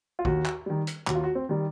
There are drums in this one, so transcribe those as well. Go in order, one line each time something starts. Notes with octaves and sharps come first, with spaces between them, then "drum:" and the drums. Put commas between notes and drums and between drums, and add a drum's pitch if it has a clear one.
F4
D#2 F#4, drum: kick A#1
drum: clap
D#3 G3
drum: hi-hat
D#2 F#4, drum: clap
F4
F#4
C4
D#3 G3